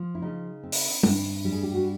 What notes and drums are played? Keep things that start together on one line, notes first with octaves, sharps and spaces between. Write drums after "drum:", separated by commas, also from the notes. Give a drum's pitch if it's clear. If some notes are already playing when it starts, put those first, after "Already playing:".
Already playing: F3
E4
C#3 D#4
C4
drum: open hi-hat
G2, drum: tom G3
G3
G#4
G4
F#4